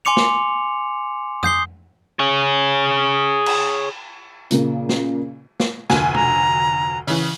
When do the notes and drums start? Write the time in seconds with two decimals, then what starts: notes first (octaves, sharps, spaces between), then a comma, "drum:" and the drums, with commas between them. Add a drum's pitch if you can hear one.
0.05 G#5 C6 D6 C#7 F7
0.17 drum: snare
1.43 D#6 G6 C7 G7, drum: tom
2.19 G#4 C#5
3.46 drum: cymbal
4.51 A#2 C#3 A#3, drum: hi-hat
4.89 drum: snare
5.60 drum: snare
5.90 F1 D2 G#5, drum: snare
6.14 A#5, drum: tom B2
7.07 C#3 E3, drum: open hi-hat